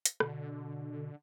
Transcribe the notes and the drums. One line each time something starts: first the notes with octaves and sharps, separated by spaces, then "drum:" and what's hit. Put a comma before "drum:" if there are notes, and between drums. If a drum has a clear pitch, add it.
drum: hi-hat
B2 D3, drum: rim click